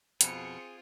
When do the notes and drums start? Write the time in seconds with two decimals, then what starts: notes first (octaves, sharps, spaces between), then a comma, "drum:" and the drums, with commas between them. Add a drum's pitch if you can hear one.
0.21 F2 B2 C4 F4 G#4 C#7, drum: hi-hat